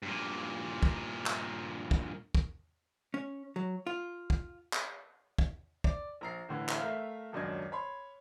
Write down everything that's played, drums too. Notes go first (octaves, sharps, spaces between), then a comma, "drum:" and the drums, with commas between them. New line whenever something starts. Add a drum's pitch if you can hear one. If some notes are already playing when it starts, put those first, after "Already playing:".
G2 A#2
drum: kick
drum: clap
drum: kick
drum: kick
C#4
F#3
F4
drum: kick
drum: clap
drum: kick
D5, drum: kick
A#1 A#5 C7
A2 D3 E3
drum: clap
A3 A#4 E5 F5
D#1 C#2 F#2 D4 D#5 G#6
C#5 B5 C6